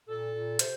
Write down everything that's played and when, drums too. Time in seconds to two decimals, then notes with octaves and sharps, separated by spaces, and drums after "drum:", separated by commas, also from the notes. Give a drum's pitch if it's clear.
0.08 A#2 A4
0.34 A#2
0.59 C3 C5, drum: hi-hat